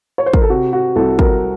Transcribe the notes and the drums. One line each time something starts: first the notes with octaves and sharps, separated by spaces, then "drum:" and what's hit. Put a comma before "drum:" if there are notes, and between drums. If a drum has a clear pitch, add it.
C#5
C5
A#4, drum: kick
A4
C3 F#4
F#4
C2 A4
A#4, drum: kick